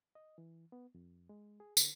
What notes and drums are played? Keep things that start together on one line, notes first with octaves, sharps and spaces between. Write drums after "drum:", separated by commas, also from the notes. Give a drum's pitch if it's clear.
D#5
E3
B3
F2
G#3
G#4
D3, drum: tambourine